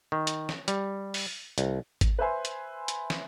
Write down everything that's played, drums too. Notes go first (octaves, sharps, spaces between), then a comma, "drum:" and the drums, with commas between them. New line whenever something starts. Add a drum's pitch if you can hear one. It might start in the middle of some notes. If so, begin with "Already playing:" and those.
D#3
drum: hi-hat
drum: snare
G3, drum: hi-hat
drum: open hi-hat
C2, drum: hi-hat
drum: kick G#1, hi-hat
B4 C5 E5 G#5 C6
drum: hi-hat
drum: hi-hat
drum: snare